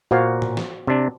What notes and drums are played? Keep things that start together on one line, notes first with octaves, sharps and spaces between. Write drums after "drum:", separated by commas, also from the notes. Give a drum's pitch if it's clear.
A#2 F#4 C5 F5
drum: tom A2
drum: snare
C3 D4